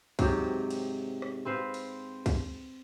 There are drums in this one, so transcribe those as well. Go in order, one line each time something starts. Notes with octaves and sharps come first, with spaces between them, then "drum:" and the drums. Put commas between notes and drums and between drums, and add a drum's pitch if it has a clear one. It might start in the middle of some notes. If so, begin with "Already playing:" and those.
G#2 C3 F#3 G4, drum: kick C2, cymbal
drum: cymbal
drum: rim click
C4 B4 C5 F5
drum: cymbal
drum: kick C2, cymbal